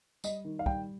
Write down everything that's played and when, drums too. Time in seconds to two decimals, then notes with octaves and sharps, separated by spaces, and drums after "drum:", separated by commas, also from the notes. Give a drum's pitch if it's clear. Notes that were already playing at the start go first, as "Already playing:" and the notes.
0.24 G3 D#5, drum: tambourine
0.45 D#3
0.59 F5
0.66 G3 G5, drum: kick